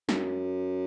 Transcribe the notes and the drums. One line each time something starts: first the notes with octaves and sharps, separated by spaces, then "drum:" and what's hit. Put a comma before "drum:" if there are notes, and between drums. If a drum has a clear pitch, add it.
F#2, drum: snare